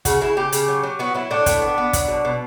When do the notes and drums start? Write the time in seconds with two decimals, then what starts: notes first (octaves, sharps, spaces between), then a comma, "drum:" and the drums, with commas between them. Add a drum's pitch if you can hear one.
0.05 C#3 F#4, drum: kick, hi-hat
0.21 C#3 E4
0.37 C#3 G4
0.52 C#3, drum: hi-hat
0.68 F#3
0.83 F#3
0.99 B3 F#4
1.14 F#3 E4
1.31 A2 D4
1.46 A2, drum: kick, hi-hat
1.62 B3
1.78 B3
1.93 F#3, drum: kick, hi-hat
2.08 B2
2.25 B2